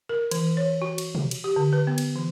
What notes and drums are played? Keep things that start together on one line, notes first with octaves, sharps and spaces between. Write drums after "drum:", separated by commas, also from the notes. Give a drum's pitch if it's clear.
A#4
E3, drum: cymbal
C#5
F#4
drum: cymbal
drum: tom B2
drum: cymbal
G4
D3
B4
B3
drum: cymbal
E3